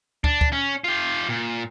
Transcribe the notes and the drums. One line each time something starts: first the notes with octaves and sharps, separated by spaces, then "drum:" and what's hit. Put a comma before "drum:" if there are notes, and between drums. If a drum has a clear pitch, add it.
D4, drum: kick
drum: kick
C#4
F4 G4
A#2